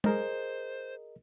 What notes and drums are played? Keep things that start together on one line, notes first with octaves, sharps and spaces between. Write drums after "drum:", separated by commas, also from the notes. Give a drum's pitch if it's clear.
G#4 A#4 C5 D#5, drum: tom G#3